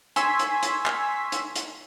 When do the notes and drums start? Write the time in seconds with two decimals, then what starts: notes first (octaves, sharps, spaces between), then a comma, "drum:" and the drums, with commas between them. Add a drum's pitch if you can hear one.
0.16 G#5 C6 C#6 E6 G#6 B6, drum: hi-hat
0.39 drum: hi-hat
0.63 drum: hi-hat
0.86 drum: clap
1.32 drum: hi-hat
1.56 drum: hi-hat